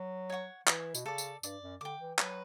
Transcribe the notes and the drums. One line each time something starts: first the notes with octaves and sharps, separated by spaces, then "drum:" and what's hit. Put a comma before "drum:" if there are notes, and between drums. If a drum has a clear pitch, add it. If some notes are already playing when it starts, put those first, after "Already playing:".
Already playing: F#3
C#5 F#5 C#6
E3 E4, drum: clap
B2, drum: tambourine
C#3 A4 D5
drum: tambourine
G2 D5, drum: tambourine
F#2
D3 G5 D6
E3
F#3 B4, drum: clap